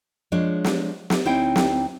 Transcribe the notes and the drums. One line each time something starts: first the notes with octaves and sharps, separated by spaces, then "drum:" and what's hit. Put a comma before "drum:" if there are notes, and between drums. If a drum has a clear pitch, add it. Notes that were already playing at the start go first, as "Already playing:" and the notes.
F3 G#3 D4 C#5
drum: snare
drum: snare
D2 C4 D#4 E4 C#5 G5
drum: snare